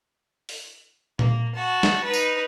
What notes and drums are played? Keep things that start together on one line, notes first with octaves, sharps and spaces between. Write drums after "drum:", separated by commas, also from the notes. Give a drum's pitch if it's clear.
drum: open hi-hat
A#3, drum: tom A#2
F#4 A5
drum: snare
D#4 B4
drum: tambourine